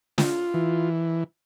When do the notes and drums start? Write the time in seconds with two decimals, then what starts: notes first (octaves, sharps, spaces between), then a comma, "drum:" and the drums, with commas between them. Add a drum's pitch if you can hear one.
0.18 F4, drum: snare
0.54 E3